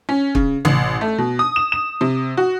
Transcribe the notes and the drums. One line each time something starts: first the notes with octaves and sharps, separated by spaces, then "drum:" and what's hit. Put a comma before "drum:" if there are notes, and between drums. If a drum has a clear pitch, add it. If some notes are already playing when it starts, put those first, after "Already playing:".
C#4
C#3, drum: kick
A1, drum: tom C3
A3
B2
D#6
E7
E7
C3
F#4